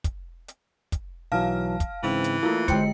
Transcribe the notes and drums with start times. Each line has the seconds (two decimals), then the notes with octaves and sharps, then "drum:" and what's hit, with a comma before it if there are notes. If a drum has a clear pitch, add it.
0.04 drum: kick, hi-hat
0.48 drum: hi-hat
0.92 drum: kick, hi-hat
1.32 B1 E3 F#3 F5 A5 F6
1.80 drum: kick, hi-hat
2.03 G#2 C#3 E3 C4
2.24 drum: hi-hat
2.43 A3 A#3 E4 F4
2.68 D3 G#3 C5 G5 C#7, drum: kick, hi-hat